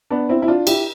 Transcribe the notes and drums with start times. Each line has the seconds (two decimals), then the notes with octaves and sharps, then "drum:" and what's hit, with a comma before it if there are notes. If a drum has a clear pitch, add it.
0.10 B3 D4
0.29 C4 E4
0.42 E4
0.48 D4 F4
0.67 E4 G4, drum: cymbal